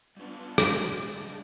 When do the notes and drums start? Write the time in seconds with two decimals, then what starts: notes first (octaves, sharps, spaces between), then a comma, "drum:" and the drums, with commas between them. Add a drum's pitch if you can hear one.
0.17 G3 B3 C#4 D4 F4 A5
0.58 drum: rim click
0.79 G3 G#3 D5 A6
1.08 C#3 G3 G#3 D4 D#4